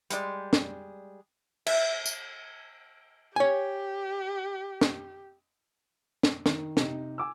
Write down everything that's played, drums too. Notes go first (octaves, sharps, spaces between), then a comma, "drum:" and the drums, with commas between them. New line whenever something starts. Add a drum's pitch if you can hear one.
G3 G#3 D5, drum: hi-hat
drum: snare
E5, drum: cymbal
drum: tambourine
G4 C#5 G#5
drum: snare
drum: snare
D#3, drum: snare
C3 D#4, drum: snare
G#5 D6 E6